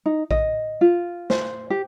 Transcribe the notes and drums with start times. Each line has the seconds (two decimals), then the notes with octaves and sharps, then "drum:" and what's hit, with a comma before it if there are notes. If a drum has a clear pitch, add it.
0.06 D#4
0.31 D#5, drum: kick A#1
0.81 F4
1.30 C5, drum: snare
1.70 G4